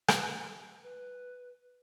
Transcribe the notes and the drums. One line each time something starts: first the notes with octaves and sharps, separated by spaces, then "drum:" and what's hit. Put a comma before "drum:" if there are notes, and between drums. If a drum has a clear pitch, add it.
B4, drum: rim click
B4